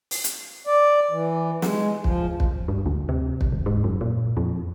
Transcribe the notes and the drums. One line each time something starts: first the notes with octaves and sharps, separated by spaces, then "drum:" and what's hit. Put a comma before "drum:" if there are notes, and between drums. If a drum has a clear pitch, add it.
drum: open hi-hat
drum: hi-hat
D5
E3
G#3, drum: snare
F3, drum: kick
drum: kick
G2
D2
C3
drum: kick
E1
G#2
F#2
A#2
F2